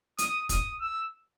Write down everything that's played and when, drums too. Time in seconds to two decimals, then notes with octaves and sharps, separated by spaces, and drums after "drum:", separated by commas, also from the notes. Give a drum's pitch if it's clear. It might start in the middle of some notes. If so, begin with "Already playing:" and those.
0.18 D#6, drum: hi-hat
0.49 D#6, drum: kick, hi-hat
0.81 E6